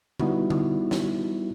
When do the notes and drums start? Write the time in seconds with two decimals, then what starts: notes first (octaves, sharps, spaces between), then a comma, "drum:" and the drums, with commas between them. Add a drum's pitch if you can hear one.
0.19 G3 B3 D#4 E4 F#4, drum: tom D3
0.50 drum: tom D3
0.91 drum: snare